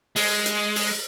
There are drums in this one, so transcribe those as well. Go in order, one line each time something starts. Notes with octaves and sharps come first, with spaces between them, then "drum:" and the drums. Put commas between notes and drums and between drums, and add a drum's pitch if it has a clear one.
G#3, drum: open hi-hat
drum: hi-hat
drum: open hi-hat